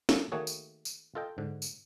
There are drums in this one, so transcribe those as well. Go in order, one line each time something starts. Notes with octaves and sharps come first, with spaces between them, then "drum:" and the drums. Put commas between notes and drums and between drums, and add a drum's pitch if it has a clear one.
F#3 A3 A#3 A4 A#4, drum: snare
D#3 A3 A#3 F#4 G#4 C#5
drum: tambourine
drum: tambourine
F4 A4 D#5 G5
G#2 D3
drum: tambourine